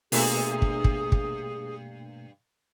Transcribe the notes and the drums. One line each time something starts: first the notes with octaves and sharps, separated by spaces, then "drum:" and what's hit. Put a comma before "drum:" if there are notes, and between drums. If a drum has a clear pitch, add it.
G2 B2 A3 A#3 G#4 E5, drum: open hi-hat
drum: kick
drum: kick
drum: kick